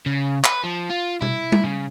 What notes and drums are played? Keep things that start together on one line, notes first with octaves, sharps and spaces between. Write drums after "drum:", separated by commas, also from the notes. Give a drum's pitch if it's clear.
C#3
B4, drum: clap
F3
F4
E4, drum: tom
drum: tom G3
C#3